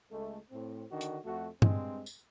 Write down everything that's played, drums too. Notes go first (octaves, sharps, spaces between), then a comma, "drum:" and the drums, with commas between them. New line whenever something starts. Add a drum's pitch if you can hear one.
C#2 G#3 A3
A2 C4
D3 D#3 D4 F#4
drum: hi-hat
F2 A3 F#4
G2 G#3 C4, drum: tom G2
drum: tambourine